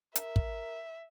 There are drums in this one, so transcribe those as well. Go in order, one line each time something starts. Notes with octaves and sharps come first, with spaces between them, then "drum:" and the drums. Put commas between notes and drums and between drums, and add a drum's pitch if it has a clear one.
A#4 E5, drum: hi-hat
drum: kick